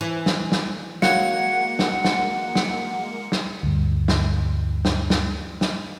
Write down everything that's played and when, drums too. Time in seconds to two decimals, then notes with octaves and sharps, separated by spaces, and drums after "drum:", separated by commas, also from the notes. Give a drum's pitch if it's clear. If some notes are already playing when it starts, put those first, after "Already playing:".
0.01 E3
0.26 drum: snare
0.52 drum: snare
1.02 G#3 A#3 F#4 C#5 F5 F#5 C#7, drum: snare
1.79 drum: snare
2.05 drum: snare
2.55 drum: snare
3.32 drum: snare
3.63 D2 G2
4.08 drum: snare
4.85 drum: snare
5.10 drum: snare
5.61 drum: snare